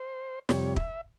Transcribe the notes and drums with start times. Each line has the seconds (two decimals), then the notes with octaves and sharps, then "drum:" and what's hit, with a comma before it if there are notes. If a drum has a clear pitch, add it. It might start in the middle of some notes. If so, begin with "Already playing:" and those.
Already playing: C5
0.49 F2 C3 G3 C#5, drum: snare
0.76 E5, drum: kick